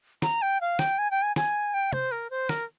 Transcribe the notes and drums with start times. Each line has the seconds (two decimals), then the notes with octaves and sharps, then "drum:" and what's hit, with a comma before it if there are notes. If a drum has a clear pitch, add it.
0.22 A#5, drum: snare
0.42 G5
0.61 F5
0.79 G5, drum: snare
0.98 G#5
1.11 G5
1.22 G#5
1.36 G#5, drum: snare
1.74 G5
1.93 C5, drum: tom
2.12 A#4
2.30 C5
2.49 A#4, drum: snare